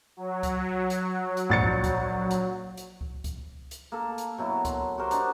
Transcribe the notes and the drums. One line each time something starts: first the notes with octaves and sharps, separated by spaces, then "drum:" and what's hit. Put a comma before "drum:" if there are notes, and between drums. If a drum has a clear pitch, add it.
F#3
drum: kick C#2, hi-hat
drum: hi-hat
drum: hi-hat
A#1 A6 C#7
drum: kick C#2
drum: kick C#2, hi-hat
drum: hi-hat
drum: hi-hat
drum: kick C#2
drum: kick C#2, hi-hat
drum: hi-hat
A#3 A4
drum: hi-hat
B2 F#3 E4
C6, drum: kick C#2, hi-hat
F#4 G4 A#4 C5
D4 D#4, drum: hi-hat